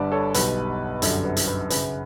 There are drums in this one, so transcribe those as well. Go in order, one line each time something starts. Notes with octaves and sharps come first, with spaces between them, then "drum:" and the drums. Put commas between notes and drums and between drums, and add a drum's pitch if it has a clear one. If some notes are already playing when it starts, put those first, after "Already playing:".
Already playing: G1 G2 D3 B4 D5 A5
A4 C#5
B1 B2 G3 B4, drum: hi-hat
G1 F#2 D3 G3 D4 A4, drum: hi-hat
B4
drum: hi-hat
B4
F#2 C#3 F#3 B4, drum: hi-hat